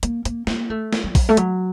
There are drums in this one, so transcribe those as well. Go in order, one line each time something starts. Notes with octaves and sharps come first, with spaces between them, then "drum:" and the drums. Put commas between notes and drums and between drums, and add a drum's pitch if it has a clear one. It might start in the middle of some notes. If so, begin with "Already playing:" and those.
A#3, drum: hi-hat
A#3, drum: hi-hat
A#3, drum: snare
A3
drum: snare
F#3
drum: kick A#1, open hi-hat
A3
F#3, drum: hi-hat